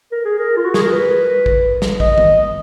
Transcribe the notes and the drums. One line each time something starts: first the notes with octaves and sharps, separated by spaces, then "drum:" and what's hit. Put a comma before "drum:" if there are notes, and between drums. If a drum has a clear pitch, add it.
A#4
G#4
A#4
F4
F#4
G#4, drum: snare
A#4
B4
drum: kick
drum: snare
D#5, drum: kick
drum: tom D#3